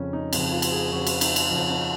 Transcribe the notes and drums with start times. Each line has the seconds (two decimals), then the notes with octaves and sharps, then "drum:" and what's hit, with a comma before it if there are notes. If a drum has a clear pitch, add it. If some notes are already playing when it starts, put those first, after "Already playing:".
Already playing: F2 C#3 F3 C#4
0.13 D#4
0.33 F2 C#3 F3 D#4, drum: cymbal
0.53 F4
0.62 drum: cymbal
0.72 G#4
0.92 F2 C#3 F3 F#4
1.07 drum: cymbal
1.21 D#4, drum: cymbal
1.36 drum: cymbal
1.50 F2 C#3 F3 C#4
1.71 D#4